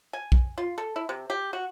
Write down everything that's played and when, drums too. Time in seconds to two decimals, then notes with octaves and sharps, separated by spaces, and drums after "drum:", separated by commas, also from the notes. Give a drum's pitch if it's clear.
0.13 G#5
0.32 drum: kick
0.58 F4
0.78 A4
0.96 E4
1.09 C3
1.30 G4
1.53 F#4